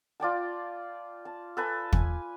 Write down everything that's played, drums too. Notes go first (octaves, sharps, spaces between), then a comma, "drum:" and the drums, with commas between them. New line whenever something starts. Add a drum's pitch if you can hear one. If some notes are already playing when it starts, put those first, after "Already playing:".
F4 D5 G5 A5
A5
A4 B4 G#5
G#5, drum: kick